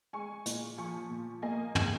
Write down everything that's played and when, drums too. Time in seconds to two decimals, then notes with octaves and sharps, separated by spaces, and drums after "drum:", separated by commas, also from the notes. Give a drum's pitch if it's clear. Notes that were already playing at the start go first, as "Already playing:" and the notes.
0.13 G#3 G#5 C#6
0.46 A#2, drum: hi-hat
0.78 F3 G#5 C#6
1.10 A#2
1.42 A#3 D#5 G#5
1.75 C#3, drum: tom